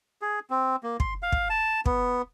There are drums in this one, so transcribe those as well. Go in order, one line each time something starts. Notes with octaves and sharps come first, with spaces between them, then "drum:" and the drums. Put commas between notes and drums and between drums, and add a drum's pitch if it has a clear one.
G#4
C4
A#3
C6, drum: kick
F5
drum: kick
A5
B3, drum: kick